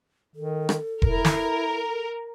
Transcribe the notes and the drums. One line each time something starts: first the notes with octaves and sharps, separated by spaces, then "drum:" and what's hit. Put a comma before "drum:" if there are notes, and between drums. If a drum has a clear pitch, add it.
D#3 A4
drum: rim click
E4 A#4, drum: kick E1
drum: snare